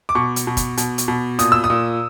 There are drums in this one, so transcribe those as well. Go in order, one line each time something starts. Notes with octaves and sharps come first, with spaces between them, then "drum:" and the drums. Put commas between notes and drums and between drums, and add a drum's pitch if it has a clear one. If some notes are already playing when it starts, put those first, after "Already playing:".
D6
B2 C#6
drum: hi-hat
B2
drum: kick, hi-hat
B2, drum: hi-hat
drum: hi-hat
B2
A#2 D#6, drum: hi-hat
E6
D#6
A#2